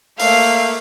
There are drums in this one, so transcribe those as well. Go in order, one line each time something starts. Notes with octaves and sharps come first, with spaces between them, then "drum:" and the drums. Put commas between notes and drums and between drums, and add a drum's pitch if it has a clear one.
A3 A#3 F5, drum: open hi-hat